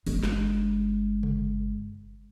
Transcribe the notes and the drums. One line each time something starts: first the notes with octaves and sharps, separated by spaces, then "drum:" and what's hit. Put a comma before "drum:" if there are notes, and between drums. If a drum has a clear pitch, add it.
G1 G#3, drum: open hi-hat
drum: snare
drum: tom C3